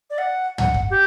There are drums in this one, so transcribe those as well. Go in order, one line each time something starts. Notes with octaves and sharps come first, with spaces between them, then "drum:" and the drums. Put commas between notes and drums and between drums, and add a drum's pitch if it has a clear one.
D5
F#5
F#5, drum: tom
drum: kick
G4